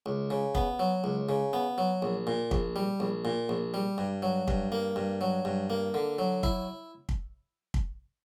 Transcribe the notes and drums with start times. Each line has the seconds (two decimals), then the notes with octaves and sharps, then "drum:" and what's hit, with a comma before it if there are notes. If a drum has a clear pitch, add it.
0.06 C#2
0.30 C#3
0.55 B3, drum: kick
0.79 F#3
1.04 C#2
1.29 C#3
1.53 B3
1.78 F#3
2.02 A#1
2.27 A#2
2.51 A#1, drum: kick
2.76 G3
3.00 A#1
3.25 A#2
3.49 A#1
3.74 G3
3.98 G2
4.22 F#3
4.48 G2, drum: kick
4.72 A#3
4.96 G2
5.21 F#3
5.45 G2
5.70 A#3
5.94 D3
6.19 F#3
6.43 E4, drum: kick
7.09 drum: kick
7.74 drum: kick